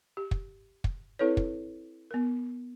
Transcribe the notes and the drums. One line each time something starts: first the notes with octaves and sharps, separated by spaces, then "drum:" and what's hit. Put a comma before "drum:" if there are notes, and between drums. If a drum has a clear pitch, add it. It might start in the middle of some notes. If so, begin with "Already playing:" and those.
G4
drum: kick
drum: kick
C4 E4 A4 B4 C#5
drum: kick
B3 A#4